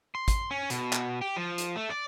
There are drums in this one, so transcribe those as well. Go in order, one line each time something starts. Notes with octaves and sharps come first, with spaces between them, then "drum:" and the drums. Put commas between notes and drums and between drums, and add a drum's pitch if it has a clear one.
C6
drum: kick, hi-hat
C#4
B2, drum: hi-hat
drum: clap
G4
F3
drum: hi-hat
A3
D5